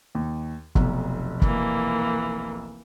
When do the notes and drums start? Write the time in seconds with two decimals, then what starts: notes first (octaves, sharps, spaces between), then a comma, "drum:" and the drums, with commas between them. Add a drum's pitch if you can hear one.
0.15 D#2
0.75 F1 B1, drum: kick
1.42 E3 A#3, drum: kick